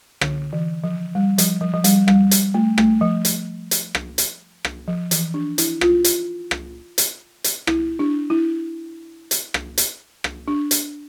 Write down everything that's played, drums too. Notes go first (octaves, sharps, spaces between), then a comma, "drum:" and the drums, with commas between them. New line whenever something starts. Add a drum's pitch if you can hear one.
D3, drum: rim click
E3
F3
G3
F3, drum: hi-hat
F3
F3
G3, drum: hi-hat
G3, drum: rim click
drum: hi-hat
A3
A3, drum: rim click
F3
drum: hi-hat
drum: hi-hat
drum: rim click
drum: hi-hat
drum: rim click
F3
E3, drum: hi-hat
D4
E4, drum: hi-hat
F4, drum: rim click
drum: hi-hat
drum: rim click
drum: hi-hat
drum: hi-hat
E4, drum: rim click
D4
E4
drum: hi-hat
drum: rim click
drum: hi-hat
drum: rim click
D4
drum: hi-hat